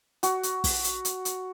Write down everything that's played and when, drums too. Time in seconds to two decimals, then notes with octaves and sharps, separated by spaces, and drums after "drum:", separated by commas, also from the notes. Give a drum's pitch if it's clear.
0.23 F#4, drum: hi-hat
0.43 drum: hi-hat
0.64 drum: kick, open hi-hat
0.84 drum: hi-hat
1.05 drum: hi-hat
1.25 drum: hi-hat